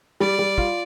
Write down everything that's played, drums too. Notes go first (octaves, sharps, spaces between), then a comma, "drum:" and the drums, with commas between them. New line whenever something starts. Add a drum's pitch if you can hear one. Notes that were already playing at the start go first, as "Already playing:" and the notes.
G3 D5
G3
F4, drum: kick